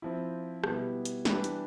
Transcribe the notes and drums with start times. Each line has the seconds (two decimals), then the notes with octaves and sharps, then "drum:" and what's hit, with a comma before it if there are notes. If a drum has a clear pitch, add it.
0.02 F3 C4 E4
0.64 B2 G3 B3 E4, drum: rim click
1.05 drum: hi-hat
1.25 E3 G3 D4 G4 B4, drum: snare
1.44 drum: hi-hat